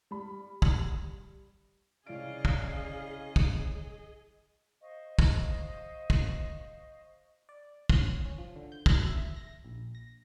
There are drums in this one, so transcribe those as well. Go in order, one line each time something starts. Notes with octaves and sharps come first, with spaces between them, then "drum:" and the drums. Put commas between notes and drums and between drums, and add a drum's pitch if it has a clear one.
G3 B5
drum: kick
C2 C#3 C#4 G#4 D5 D#5 F5 D7
drum: kick
drum: kick
C5 D#5 F5 C#6
drum: kick
drum: kick
D5
C#5, drum: kick
C#4
F3
D3
G6
F#2, drum: kick
E5
A#6
A#1
A#6